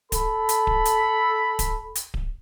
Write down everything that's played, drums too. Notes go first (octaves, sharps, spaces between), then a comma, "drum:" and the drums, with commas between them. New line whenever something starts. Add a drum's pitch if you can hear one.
A4 B5, drum: kick D1, hi-hat
drum: hi-hat
drum: kick D1
drum: hi-hat
drum: kick D1, hi-hat
drum: hi-hat
drum: kick D1